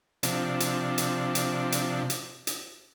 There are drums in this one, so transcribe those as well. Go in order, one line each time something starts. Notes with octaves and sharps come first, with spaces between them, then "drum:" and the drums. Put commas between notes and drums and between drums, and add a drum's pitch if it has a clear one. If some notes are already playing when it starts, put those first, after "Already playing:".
C3 F3 D4, drum: hi-hat
drum: hi-hat
drum: hi-hat
drum: hi-hat
drum: hi-hat
drum: hi-hat
drum: hi-hat